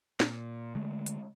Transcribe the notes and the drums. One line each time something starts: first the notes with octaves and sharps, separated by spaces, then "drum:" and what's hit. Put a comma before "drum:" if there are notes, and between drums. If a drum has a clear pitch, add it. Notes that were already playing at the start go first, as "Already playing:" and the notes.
A#2, drum: snare
D3 G#3 A3
drum: hi-hat